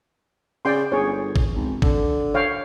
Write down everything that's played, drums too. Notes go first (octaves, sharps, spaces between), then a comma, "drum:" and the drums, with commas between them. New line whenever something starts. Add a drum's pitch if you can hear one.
C#3 D5 G5 C6
G1 G#4 C#5
drum: kick
G#1
D3, drum: kick
C#5 F5 G5